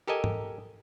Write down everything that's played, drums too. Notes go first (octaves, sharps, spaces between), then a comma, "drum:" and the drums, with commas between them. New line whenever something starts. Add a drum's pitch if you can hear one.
G4 A4 A#4 D#5 G#5
drum: tom G#2